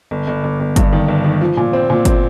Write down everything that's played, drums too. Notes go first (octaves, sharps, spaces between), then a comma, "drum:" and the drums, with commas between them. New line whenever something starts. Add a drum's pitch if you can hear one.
G1
G1
G1
G1
G2, drum: kick G1, hi-hat
D#3
G1
D#3
F3
A#2
C4
A#2
C4, drum: kick G1, hi-hat